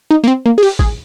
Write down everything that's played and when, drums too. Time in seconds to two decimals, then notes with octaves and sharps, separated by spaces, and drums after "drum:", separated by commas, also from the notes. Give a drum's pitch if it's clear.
0.11 D#4
0.24 A#3
0.28 C4
0.46 A#3
0.58 G#4
0.63 G4, drum: open hi-hat
0.79 G#4, drum: kick